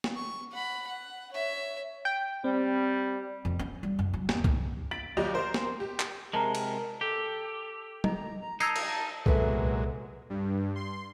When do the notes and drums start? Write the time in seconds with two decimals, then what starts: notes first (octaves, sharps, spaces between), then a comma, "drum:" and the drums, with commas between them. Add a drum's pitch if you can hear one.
0.04 drum: snare
0.15 C#6
0.51 F#5 B5
0.87 F#5
1.32 C#5 E5
2.05 G5
2.44 G3 C4
3.45 F2
3.59 C#4
3.83 G3
3.99 F#2
4.14 F#3
4.29 D#2, drum: snare
4.44 D#4, drum: kick C2
4.91 A6 B6 D7 F#7
5.17 D#2 F#3 G4 D5 D#5 F7
5.34 A#4 C5
5.54 drum: snare
5.80 G4
6.00 drum: clap
6.33 C3 G#3 A#4 A5 A#5
6.55 drum: cymbal
7.01 G4 A4
8.04 D#5 A#5, drum: tom
8.41 A#5
8.60 D#4 A#4 A5 E6 G#6 C7, drum: tambourine
8.76 drum: cymbal
9.26 C2 A#2 F#3 G#3 B3 A4 B4 E5, drum: kick C2
10.30 G2
10.75 C6